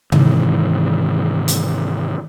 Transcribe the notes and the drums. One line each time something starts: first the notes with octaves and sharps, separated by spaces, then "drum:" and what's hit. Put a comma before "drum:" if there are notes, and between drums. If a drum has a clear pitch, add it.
G#2 C3 D#3 E3, drum: tom C3
drum: hi-hat